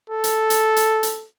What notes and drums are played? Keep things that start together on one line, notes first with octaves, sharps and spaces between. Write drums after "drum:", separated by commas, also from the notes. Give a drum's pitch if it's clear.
A4
drum: hi-hat
drum: hi-hat
drum: hi-hat
drum: hi-hat